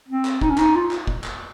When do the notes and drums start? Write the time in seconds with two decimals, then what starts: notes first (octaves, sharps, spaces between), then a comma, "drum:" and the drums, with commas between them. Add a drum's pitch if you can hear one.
0.08 C4
0.25 drum: clap
0.41 D#4, drum: kick
0.50 C#4
0.58 D#4, drum: clap
0.75 F4
0.91 drum: clap
1.07 drum: kick
1.24 drum: clap